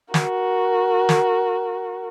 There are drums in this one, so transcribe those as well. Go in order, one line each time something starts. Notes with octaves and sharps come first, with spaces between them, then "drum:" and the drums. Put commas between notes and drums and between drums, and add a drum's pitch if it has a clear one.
F#4 A#4, drum: snare
drum: snare